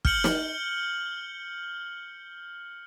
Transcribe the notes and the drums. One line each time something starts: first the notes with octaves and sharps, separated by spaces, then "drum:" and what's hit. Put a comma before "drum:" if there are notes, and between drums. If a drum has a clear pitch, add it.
F6 G6 C#7 F#7 G7, drum: kick
drum: snare